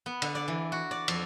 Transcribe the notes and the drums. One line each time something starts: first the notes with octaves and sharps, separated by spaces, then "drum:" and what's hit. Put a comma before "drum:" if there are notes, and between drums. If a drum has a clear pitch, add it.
B3
D3, drum: cymbal
D5
E3
F#4
D5
F2, drum: cymbal